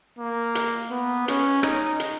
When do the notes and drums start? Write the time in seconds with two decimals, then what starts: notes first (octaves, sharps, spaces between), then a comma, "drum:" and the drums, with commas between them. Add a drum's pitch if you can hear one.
0.19 A#3
0.55 drum: hi-hat
0.92 B3
1.28 C#4, drum: hi-hat
1.63 D#4, drum: rim click
2.00 drum: hi-hat